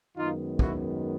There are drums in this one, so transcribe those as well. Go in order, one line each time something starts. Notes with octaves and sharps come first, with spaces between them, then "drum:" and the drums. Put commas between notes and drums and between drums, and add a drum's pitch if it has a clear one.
F#2 D#3 G#3 B3 D#4 F4
E4 F#4, drum: kick